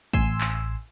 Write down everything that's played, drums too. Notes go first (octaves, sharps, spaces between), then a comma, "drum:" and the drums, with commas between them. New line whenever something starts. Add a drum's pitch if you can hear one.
A1 G#5 C6 E6, drum: kick A1
drum: clap